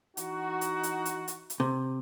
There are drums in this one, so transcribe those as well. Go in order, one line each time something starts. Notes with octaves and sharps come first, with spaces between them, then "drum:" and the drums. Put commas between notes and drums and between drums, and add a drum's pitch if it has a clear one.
E3 D#4 F#4, drum: hi-hat
drum: hi-hat
drum: hi-hat
drum: hi-hat
drum: hi-hat
drum: hi-hat
C3